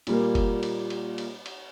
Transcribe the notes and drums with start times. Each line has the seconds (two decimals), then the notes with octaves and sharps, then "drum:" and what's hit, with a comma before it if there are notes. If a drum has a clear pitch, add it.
0.07 A#2 G3 A#3, drum: cymbal
0.35 drum: kick, cymbal
0.63 drum: cymbal
0.90 drum: cymbal
1.18 drum: cymbal
1.46 drum: cymbal